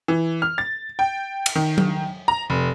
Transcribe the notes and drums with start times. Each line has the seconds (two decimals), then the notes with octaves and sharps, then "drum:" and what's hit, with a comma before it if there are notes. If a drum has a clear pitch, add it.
0.08 E3
0.42 F6
0.58 A6
0.99 G5
1.46 drum: cymbal
1.55 D#3
1.78 drum: tom F#3
2.28 A#5
2.50 F1